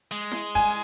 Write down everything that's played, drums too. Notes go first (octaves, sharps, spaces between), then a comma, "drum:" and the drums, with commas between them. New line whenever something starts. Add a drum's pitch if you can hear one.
G#3
drum: snare E4
G#5, drum: kick